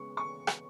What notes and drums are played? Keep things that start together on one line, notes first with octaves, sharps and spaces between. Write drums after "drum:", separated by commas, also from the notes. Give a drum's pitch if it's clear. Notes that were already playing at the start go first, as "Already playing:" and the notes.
Already playing: C#3 G#3 B3 C#6
C#6
drum: rim click